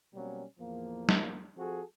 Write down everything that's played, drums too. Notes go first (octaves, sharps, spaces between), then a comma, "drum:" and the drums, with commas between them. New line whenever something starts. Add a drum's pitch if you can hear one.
B2 F#3 G3 A#3 C4 C#4
E2 A2 F3 A#3
drum: snare
F3 C4 F#4 G#4 A4